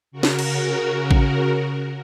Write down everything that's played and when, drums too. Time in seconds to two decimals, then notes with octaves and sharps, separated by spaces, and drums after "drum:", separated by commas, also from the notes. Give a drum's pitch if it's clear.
0.12 C#3 F#4 A#4
0.23 drum: snare
0.39 drum: cymbal
1.11 drum: kick A1